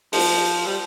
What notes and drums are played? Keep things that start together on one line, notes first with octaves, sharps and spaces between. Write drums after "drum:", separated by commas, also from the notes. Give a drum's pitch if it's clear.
F3, drum: open hi-hat
G3